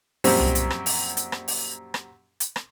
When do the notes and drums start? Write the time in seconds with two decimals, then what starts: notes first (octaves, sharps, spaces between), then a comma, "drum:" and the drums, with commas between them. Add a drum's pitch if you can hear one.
0.24 F#2 A#2 F3 G3 C4, drum: open hi-hat
0.40 drum: tom C2
0.55 drum: hi-hat
0.70 drum: rim click
0.86 drum: open hi-hat
1.17 drum: hi-hat
1.32 drum: rim click
1.48 drum: open hi-hat
1.94 drum: rim click
2.40 drum: hi-hat
2.56 drum: rim click